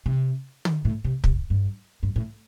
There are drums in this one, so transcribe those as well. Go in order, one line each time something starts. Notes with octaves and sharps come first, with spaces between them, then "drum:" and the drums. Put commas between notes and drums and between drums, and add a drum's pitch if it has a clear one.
C3
drum: tom
A2
C3
C3, drum: kick
G2
G2
A2